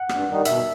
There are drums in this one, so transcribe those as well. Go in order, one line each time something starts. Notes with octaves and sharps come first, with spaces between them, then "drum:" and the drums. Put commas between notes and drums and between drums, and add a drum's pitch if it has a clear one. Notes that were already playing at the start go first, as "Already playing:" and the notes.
Already playing: F#5
G2, drum: rim click
D#3 G3 D#4
B2 E5, drum: hi-hat